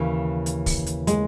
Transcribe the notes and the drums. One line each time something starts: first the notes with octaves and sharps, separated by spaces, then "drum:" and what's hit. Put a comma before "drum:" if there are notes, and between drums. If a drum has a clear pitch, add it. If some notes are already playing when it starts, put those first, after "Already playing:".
Already playing: D#2 C#3 E3
drum: hi-hat
drum: kick, open hi-hat
drum: hi-hat
G#3, drum: hi-hat